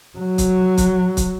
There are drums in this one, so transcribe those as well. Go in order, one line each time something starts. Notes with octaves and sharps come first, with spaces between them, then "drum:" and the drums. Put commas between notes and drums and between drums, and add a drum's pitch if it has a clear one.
F#3
drum: kick, hi-hat
drum: kick, hi-hat
drum: kick, hi-hat